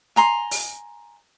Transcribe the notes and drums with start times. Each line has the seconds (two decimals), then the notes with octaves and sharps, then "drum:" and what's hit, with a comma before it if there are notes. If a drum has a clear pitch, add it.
0.16 G#5 A#5 C6
0.51 drum: open hi-hat